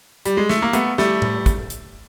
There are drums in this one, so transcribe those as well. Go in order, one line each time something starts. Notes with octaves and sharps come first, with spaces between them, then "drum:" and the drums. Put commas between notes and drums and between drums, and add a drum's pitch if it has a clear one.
G3, drum: hi-hat
G#3
A3, drum: snare
A#3
A3 B3, drum: hi-hat
G3 A3, drum: snare
drum: tom A2
drum: kick, hi-hat
drum: hi-hat